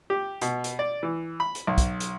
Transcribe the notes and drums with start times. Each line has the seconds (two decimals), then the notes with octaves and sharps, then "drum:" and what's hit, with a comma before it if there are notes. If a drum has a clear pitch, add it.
0.10 G4
0.42 B2, drum: hi-hat
0.64 drum: hi-hat
0.79 D5
1.03 E3
1.40 B5
1.55 drum: hi-hat
1.67 B1
1.78 drum: kick, hi-hat
2.00 drum: hi-hat